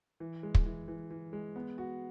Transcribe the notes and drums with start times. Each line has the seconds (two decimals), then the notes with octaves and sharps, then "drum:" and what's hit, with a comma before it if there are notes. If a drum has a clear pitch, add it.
0.20 E3
0.43 G#3
0.55 drum: kick
0.66 E3
0.88 E3
1.11 E3
1.33 G#3
1.56 B3
1.78 F#4